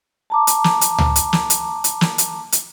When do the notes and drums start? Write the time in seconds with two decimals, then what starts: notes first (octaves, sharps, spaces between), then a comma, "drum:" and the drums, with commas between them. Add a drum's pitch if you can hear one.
0.30 A5 A#5 D6
0.47 drum: hi-hat
0.64 drum: snare
0.81 drum: hi-hat
0.98 drum: tom C#2
1.16 drum: hi-hat
1.33 drum: snare
1.50 drum: hi-hat
1.84 drum: hi-hat
2.01 drum: snare
2.18 drum: hi-hat
2.52 drum: hi-hat